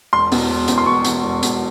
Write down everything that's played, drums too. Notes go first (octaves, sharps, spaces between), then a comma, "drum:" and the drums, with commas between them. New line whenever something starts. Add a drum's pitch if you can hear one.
E1 C6
E2 B2, drum: open hi-hat
E1
E2 B2, drum: hi-hat
C6
E1 C#6
E2 B2, drum: hi-hat
E1
E2 B2, drum: hi-hat